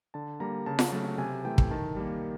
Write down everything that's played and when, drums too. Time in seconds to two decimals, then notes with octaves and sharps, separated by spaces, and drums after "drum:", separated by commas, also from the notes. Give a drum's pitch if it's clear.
0.14 D3 A5
0.40 G3 A#3 A#5
0.66 C#3 A5
0.79 drum: snare F4
0.92 F#3 A3 A5
1.18 C3 G#5
1.44 E3 A3 G5
1.58 drum: kick
1.71 D#3 A5
1.96 G3 A#3